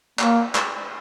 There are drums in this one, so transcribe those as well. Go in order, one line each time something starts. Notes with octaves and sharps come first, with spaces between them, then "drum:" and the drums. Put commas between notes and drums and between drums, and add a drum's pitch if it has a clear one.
A#3, drum: clap
drum: clap